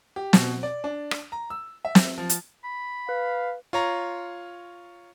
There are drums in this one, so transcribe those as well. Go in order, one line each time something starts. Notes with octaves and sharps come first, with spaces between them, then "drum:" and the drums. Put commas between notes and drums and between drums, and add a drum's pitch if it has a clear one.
G4
B2, drum: snare
D5
D4
drum: rim click
A#5
E6
E5
drum: snare
F3
drum: hi-hat
B5
B4 F5
F4 C#5 A#5